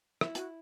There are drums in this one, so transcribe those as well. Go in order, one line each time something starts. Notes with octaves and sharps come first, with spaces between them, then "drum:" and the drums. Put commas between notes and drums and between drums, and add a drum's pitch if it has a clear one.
E4, drum: rim click
F#4, drum: hi-hat